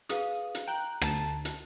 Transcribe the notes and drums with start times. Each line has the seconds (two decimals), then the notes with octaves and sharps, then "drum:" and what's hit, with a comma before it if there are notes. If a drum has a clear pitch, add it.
0.09 G#4 B4 F5 D#6, drum: hi-hat
0.55 drum: hi-hat
0.67 G5 A#5 F#6
1.02 D2 A5, drum: rim click
1.45 drum: hi-hat